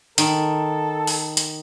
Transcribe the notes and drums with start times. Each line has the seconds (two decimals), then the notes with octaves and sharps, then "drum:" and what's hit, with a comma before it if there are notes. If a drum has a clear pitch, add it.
0.18 D#3 A4, drum: hi-hat
1.07 drum: open hi-hat
1.37 drum: hi-hat